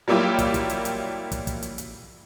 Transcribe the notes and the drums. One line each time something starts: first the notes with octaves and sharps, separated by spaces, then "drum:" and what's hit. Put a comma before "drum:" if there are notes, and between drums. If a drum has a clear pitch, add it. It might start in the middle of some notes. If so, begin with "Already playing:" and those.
F#3 G3 A#3 E4 F4 G4
drum: kick, hi-hat
drum: kick, hi-hat
drum: hi-hat
drum: hi-hat
drum: kick, hi-hat
drum: kick, hi-hat
drum: hi-hat
drum: hi-hat